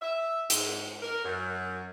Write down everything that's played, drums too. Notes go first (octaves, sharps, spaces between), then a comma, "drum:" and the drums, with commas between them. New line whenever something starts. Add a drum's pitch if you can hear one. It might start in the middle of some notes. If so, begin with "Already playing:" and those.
E5
G#2, drum: hi-hat
A#4
F#2